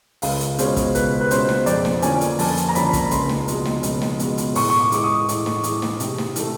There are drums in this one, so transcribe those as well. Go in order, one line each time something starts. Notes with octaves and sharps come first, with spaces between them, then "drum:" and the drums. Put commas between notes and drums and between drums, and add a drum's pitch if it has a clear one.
C#2 F5, drum: open hi-hat
drum: hi-hat
B2 G#3 C#4 C5, drum: hi-hat
drum: kick, hi-hat
C#2 B4, drum: hi-hat
B4
B2 G#3 C#4 C5, drum: hi-hat
drum: snare
F2 D5, drum: hi-hat
drum: snare
D3 F3 A#3 C#4 G#5, drum: hi-hat
drum: hi-hat
F2 A5, drum: open hi-hat
drum: hi-hat
A#5
D3 F3 A#3 C#4 B5, drum: hi-hat
drum: kick, hi-hat
C#2 C6, drum: hi-hat
drum: snare
B2 G#3, drum: hi-hat
drum: snare
C#2, drum: hi-hat
drum: snare
B2 G#3, drum: hi-hat
drum: hi-hat
A2 C#6, drum: open hi-hat
C#6
D6
E3 G#3 D6, drum: hi-hat
D#6
A2, drum: hi-hat
drum: snare
E3 G#3, drum: hi-hat
drum: snare
C3, drum: hi-hat
drum: snare
E3 A3, drum: hi-hat